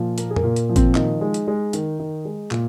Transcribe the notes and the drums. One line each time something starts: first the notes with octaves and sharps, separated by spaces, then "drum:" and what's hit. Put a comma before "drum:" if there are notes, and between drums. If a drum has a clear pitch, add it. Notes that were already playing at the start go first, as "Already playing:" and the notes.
Already playing: A#2 F3
A#3 A#4, drum: hi-hat
G#4
A#4, drum: tom
A#2
drum: hi-hat
F3
C4, drum: kick G#1, hi-hat
D#3 D#4, drum: clap
G#3
drum: hi-hat
G#3
D#3, drum: hi-hat
D#3
G#3
A#2, drum: clap